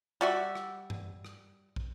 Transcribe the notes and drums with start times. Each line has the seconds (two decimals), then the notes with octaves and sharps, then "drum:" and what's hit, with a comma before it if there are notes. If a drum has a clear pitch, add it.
0.21 G3 F#4 E5
0.55 drum: rim click
0.90 drum: tom F#2
1.25 drum: rim click
1.76 drum: kick